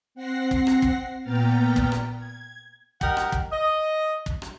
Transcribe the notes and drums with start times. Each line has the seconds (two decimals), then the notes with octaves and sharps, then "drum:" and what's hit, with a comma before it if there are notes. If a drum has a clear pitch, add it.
0.15 C4 F#5 A#6 C7
0.51 drum: kick
0.67 drum: rim click
0.82 drum: kick
1.23 A#2 B3 G5 A#5 F6 A6
1.76 drum: kick
1.92 drum: rim click
2.16 G#6
3.01 G4 A#4 D#5 F#5 G5, drum: kick
3.17 drum: rim click
3.32 drum: kick
3.52 D#5
4.26 drum: kick
4.42 drum: rim click